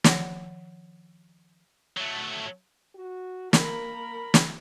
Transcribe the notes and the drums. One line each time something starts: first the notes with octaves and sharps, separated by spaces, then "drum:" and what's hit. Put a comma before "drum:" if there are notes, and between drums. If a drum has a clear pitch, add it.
D#3 F3 C#5 F#5, drum: snare
F#3 A3
F#4
A#3 A#4 B5, drum: snare
drum: snare